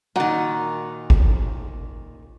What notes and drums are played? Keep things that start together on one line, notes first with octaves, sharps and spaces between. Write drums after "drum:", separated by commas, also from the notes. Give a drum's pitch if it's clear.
A#2 D#3 F#4 F#5
drum: kick G1